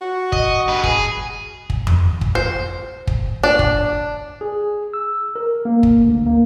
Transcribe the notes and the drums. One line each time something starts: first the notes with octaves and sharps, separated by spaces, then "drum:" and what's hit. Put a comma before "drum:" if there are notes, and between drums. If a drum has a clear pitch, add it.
F#4
D#5, drum: kick
G2 B4
G#4, drum: kick
drum: kick
drum: tom F2
drum: kick
C5
drum: kick
D4
drum: kick
G#4
E6
A#4
A#3
drum: kick
D2
A#3